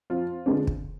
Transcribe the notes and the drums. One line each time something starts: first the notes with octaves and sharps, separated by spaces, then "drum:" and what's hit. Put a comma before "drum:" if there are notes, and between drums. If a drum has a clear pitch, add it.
F2 F4
D3 G#3 B3 D4
drum: kick